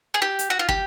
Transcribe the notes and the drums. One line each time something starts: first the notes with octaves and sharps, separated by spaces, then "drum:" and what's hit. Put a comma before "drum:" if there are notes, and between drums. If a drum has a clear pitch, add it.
G#4
G4
drum: hi-hat
F#4
F4
G4, drum: kick